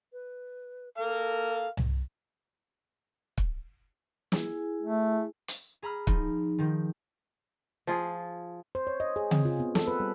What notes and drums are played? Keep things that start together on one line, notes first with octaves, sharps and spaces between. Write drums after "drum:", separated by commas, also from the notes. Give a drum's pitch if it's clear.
B4
A4 A#4 F5
drum: tom C2
drum: kick
E4 G#4 G#5, drum: snare
A3
drum: hi-hat
G#4 A#5 B5 F6
F3 D#4, drum: kick
D#3 F3
F3 F4 G#4
C5
C#5
D#5
G#4
C4, drum: tom C#3
F4
B3
A4, drum: snare
B4
G3